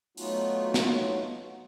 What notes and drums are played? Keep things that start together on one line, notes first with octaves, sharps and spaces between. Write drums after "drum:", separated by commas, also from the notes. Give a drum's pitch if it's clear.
F#3 A3 B3 D#4 F4 F#4, drum: open hi-hat
drum: snare